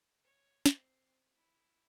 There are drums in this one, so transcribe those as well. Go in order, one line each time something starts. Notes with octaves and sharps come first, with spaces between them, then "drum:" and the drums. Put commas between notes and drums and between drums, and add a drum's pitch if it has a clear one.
C#5
C4, drum: snare
E4